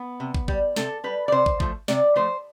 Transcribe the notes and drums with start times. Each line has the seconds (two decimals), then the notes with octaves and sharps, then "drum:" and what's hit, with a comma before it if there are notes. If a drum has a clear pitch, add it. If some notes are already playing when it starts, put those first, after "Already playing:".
Already playing: B3
0.20 C3
0.35 drum: kick
0.48 G3, drum: kick
0.76 C3 A4, drum: snare
1.04 G3 B4
1.28 D5
1.32 C3 C5
1.46 drum: kick
1.60 F3 A3, drum: kick
1.88 C3 D5, drum: snare
2.16 F3 A3 C5